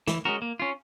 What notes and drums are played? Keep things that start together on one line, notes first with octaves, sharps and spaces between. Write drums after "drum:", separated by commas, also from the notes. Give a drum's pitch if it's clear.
E3, drum: snare
G#3 C#4 F#4 A#4
A#3
C#4 F4